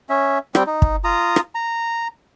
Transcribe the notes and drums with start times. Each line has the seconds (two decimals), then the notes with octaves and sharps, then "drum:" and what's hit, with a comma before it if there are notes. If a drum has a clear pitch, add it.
0.09 C#4 E5
0.55 G3 C4 G5, drum: rim click
0.67 D#4
0.82 drum: kick
1.04 F4 A#5 D#6
1.36 drum: rim click
1.55 A#5